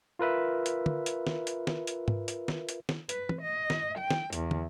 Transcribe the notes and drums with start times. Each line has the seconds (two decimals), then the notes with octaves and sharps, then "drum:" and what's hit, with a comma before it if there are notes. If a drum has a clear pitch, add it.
0.19 F4 A#4 B4 E5
0.66 drum: hi-hat
0.86 drum: tom
1.06 drum: hi-hat
1.27 drum: snare
1.47 drum: hi-hat
1.67 drum: snare
1.87 drum: hi-hat
2.08 drum: tom G#2
2.28 drum: hi-hat
2.48 drum: snare
2.69 drum: hi-hat
2.89 drum: snare
3.09 B4, drum: hi-hat
3.29 drum: tom E3
3.41 D#5
3.70 drum: snare
3.99 G5
4.10 drum: snare
4.33 E2, drum: hi-hat
4.51 drum: tom